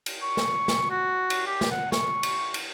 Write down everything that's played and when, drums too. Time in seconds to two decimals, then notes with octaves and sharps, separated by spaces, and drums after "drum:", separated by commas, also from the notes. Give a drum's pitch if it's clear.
0.06 drum: cymbal
0.22 C#6
0.37 drum: snare
0.68 drum: snare
0.90 F#4
1.30 drum: cymbal
1.46 G4
1.61 drum: snare
1.71 F#5
1.92 C#6, drum: snare
2.23 drum: cymbal
2.54 drum: cymbal